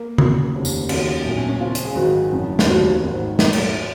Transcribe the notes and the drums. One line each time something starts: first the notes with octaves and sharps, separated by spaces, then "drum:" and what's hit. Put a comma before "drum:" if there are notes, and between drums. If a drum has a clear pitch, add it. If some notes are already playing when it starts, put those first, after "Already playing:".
Already playing: A#3
F2 C#3 F#3, drum: tom C#3
F1 D#2 C#3 F3
drum: tambourine
D#2 C#3 F#3, drum: cymbal
B1 A#2 F#3
C#4
C#4
F2 C#3 F3 F4
drum: hi-hat
G#4
G#1 G#2 D#3 F#3 F#4
F#1 F2 C#3
F4, drum: snare
F1 D#2 C#3 F3 F#4
G#1 G#2 D#3 F#3
F3, drum: snare
drum: cymbal